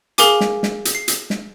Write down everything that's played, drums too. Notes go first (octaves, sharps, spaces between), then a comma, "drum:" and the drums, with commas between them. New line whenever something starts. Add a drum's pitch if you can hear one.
G#4 A#4 F5 G#5 D6, drum: hi-hat
drum: snare
drum: snare
drum: hi-hat
C7
drum: hi-hat
drum: snare